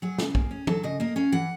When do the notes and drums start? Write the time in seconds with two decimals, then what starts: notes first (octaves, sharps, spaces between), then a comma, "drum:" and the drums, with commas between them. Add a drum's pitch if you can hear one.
0.02 F#3 G#4
0.18 C#3, drum: snare
0.35 A#3, drum: kick
0.51 C#4
0.67 F#3 A4, drum: tom
0.83 C#3 D#5
1.00 A#3 D#5
1.16 C#4 F5
1.32 E3 F#5